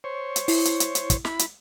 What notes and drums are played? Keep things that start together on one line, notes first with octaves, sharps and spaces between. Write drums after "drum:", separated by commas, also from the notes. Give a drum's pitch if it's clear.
C5 C#5
drum: hi-hat
E4, drum: open hi-hat
drum: hi-hat
drum: hi-hat
drum: hi-hat
drum: kick, hi-hat
E4 B5, drum: snare
drum: hi-hat